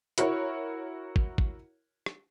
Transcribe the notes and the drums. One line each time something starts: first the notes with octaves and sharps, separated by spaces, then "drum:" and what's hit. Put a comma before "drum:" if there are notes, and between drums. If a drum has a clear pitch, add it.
E4 F#4 A#4 C#5, drum: hi-hat
drum: kick
drum: kick
drum: rim click